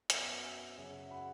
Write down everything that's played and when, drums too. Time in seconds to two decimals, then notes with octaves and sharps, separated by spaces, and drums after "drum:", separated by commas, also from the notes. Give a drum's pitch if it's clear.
0.10 F#2 F#3 B3 E5 G#5, drum: hi-hat
0.43 E5 G#5
0.77 F#2 C#3 F#3 E5 G#5
1.10 F#5 B5